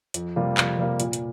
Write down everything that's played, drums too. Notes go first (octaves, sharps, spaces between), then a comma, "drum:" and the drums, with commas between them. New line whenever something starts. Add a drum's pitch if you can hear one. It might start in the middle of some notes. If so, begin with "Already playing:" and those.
F2, drum: hi-hat
C3 G3 A#3 F4
F2, drum: clap
C3 G3 A#3 F4
A#2, drum: hi-hat
drum: hi-hat